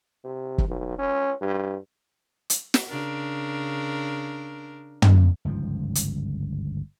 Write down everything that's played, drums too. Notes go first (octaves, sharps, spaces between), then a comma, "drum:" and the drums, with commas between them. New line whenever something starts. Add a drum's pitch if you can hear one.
C3
drum: kick
B1
C#4
G2
drum: hi-hat
drum: snare
C#3 D4 A#4
drum: tom
G1 C#2 G#2 F3
drum: hi-hat